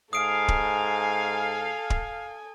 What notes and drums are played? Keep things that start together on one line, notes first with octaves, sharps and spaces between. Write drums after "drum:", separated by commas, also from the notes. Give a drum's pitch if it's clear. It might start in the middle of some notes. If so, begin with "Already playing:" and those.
G#2 A4 F5 G#5 D#6 D7
drum: kick D1
drum: kick D1